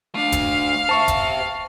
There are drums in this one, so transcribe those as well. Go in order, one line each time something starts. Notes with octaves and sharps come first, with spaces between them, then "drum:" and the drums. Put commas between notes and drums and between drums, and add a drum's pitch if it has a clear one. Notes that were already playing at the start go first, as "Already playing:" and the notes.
A3 D4 F5
drum: kick E1, hi-hat
C5 E5 A5 C#6
drum: kick E1, hi-hat